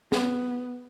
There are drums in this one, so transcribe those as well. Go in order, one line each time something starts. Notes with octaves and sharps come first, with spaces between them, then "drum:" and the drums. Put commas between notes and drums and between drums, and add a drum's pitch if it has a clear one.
B3, drum: snare